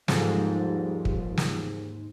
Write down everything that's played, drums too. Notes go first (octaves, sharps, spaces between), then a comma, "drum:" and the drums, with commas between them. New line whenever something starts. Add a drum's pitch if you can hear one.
D#2 G#2 F3 G3 C4 A4, drum: snare
drum: kick
drum: snare